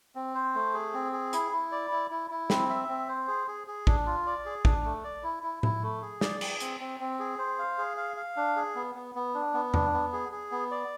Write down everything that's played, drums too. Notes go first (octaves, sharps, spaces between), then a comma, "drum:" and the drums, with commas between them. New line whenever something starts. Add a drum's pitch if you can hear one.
C4
C5
A3
G#4
C4
G#4
E4, drum: hi-hat
E4
D5
E4
E4
E4
C4, drum: snare
E5
C4
C5
G#4
G#4
G#4
D4, drum: kick
F4
D5
G#4
D4, drum: kick
A3
D5
E4
E4
E4, drum: tom A2
A3
G#4
D5, drum: snare
G#4, drum: cymbal
C4, drum: hi-hat
C4
C4
G#4
C5
F5
G#4
F5
F5
D4
G#4
B3
B3
B3
D4
B3
D4, drum: tom E2
B3
G#4
G#4
B3
D5